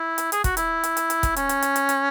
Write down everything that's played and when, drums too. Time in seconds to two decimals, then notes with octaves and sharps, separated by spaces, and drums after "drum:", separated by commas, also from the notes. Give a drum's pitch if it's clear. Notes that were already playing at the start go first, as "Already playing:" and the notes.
Already playing: E4
0.18 drum: hi-hat
0.32 G#4, drum: hi-hat
0.44 F#4, drum: kick, hi-hat
0.57 E4, drum: hi-hat
0.84 drum: hi-hat
0.97 drum: hi-hat
1.10 drum: hi-hat
1.23 drum: kick, hi-hat
1.36 C#4, drum: hi-hat
1.49 drum: hi-hat
1.62 drum: hi-hat
1.76 drum: hi-hat
1.89 drum: hi-hat